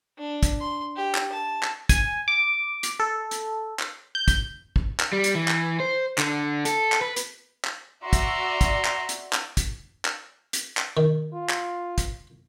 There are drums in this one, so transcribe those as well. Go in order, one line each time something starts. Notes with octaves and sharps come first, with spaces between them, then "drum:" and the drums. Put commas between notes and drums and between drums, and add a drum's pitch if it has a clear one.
D4
drum: kick, hi-hat
C6
G4
drum: clap
A5
drum: clap
G#5, drum: kick, hi-hat
D6
drum: hi-hat
A4
drum: hi-hat
drum: clap
G6
drum: kick, hi-hat
drum: kick
drum: clap
G3
drum: hi-hat
E3
drum: clap
C5
D3, drum: clap
A4, drum: hi-hat
drum: clap
B4
drum: hi-hat
drum: clap
F#4 D5 E5 A#5 C6
drum: kick, hi-hat
drum: kick, hi-hat
drum: clap
drum: hi-hat
drum: clap
drum: kick, hi-hat
drum: clap
drum: hi-hat
drum: clap
D#3
F4
drum: clap
drum: kick, hi-hat